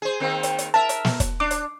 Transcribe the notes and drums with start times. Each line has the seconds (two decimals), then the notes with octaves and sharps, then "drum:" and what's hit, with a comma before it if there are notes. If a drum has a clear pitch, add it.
0.02 G#4 C5
0.20 D#3 A#3 C4
0.43 drum: hi-hat
0.59 drum: hi-hat
0.74 A#4 E5 A5
0.89 drum: hi-hat
1.05 drum: snare
1.20 drum: kick, hi-hat
1.40 D4 D6
1.51 drum: hi-hat